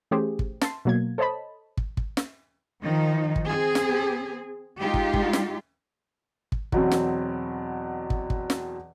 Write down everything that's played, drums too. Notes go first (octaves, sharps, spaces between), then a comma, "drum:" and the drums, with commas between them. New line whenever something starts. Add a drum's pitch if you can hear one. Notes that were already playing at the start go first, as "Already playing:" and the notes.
E3 A3 C#4 G4 G#4 C5
drum: kick
A5 C6, drum: snare
B2 F#3 A#3 G#6
A4 C5 C#5 D#5 A5 B5
drum: kick
drum: kick
drum: snare
D#3 F3 D#4
drum: kick
C4 G#4
drum: snare
G#3 D#4 F4 G4
drum: kick
drum: kick
drum: snare
drum: kick
E2 B2 F#3 C4, drum: kick
drum: snare
drum: kick
drum: kick
drum: snare